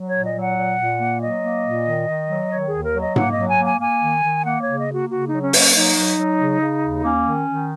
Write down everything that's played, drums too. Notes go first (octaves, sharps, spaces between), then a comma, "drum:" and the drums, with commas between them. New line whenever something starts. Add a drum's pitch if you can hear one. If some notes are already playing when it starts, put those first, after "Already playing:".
Already playing: F#3
A#2 C#5
D#5
F#3
F#5
A#2
A#2
A#3
F#3 D#5
A#3
A#2
D#3
D#3
F#3
D#3 C#5
G#4
D#2
A#4
F#3
D#5
A#3 F#5, drum: tom G#2
D#5
F#3
G#5
A#3
G#5
A#3 G#5
D#3
D#3
A#3 F#5
C#3 C#5
D#5
A#3 F#4
C#3 F#4
F#3 D#4
C#4
A#3 C#4, drum: open hi-hat
F#3 D#4
F#3
F#3
C#3
C#3
D#2
A#3 C#4
D#3
D#3